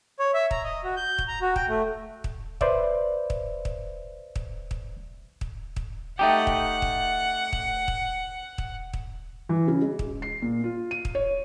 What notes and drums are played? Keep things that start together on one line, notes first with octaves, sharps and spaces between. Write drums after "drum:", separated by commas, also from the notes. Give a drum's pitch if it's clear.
C#5
E5
A#5, drum: kick
D#5
F#4
G6
drum: kick
A#5
F#4
G5, drum: kick
A3
drum: kick
B4 C5 D5 E5, drum: kick
drum: kick
drum: kick
drum: kick
drum: kick
drum: kick
drum: kick
A3 D#4 G4 E5 F#5 G5
drum: kick
drum: kick
drum: kick
drum: kick
drum: kick
drum: kick
E3
C#3
G#3
drum: kick
C7
A#2
F4
D#7
drum: kick
C#5